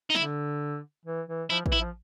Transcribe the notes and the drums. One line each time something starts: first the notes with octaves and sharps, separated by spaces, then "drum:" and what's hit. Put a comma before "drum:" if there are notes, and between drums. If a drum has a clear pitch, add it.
D#4
D3 E4, drum: snare
E3
E3
F3 E4
E3, drum: kick A1
E4
F3